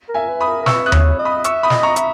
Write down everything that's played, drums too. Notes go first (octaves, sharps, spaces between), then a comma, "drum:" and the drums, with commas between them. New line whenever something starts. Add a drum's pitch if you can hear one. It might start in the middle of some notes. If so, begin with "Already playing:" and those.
A#4
E5 G#5
B4
B5 D#6
A#4
A#4
B4 C#6 E6, drum: snare
D#6 F#6
C#5, drum: tom D#2
D#5
B5 D#6
E5 C#6 E6, drum: hi-hat
B5 D#6
D#5, drum: snare
A#5 C#6
E5, drum: hi-hat